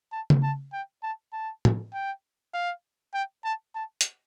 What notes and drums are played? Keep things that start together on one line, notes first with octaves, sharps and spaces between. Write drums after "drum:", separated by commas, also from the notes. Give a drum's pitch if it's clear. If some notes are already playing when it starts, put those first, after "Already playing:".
A5
drum: tom
A5
G5
A5
A5
drum: tom
G5
F5
G5
A5
A5
drum: hi-hat